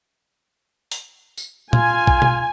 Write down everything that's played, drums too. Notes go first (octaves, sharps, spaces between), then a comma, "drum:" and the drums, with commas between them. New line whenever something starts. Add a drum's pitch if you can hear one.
drum: open hi-hat
drum: tambourine
F4 G#5, drum: tom A#2
drum: kick B1
drum: tom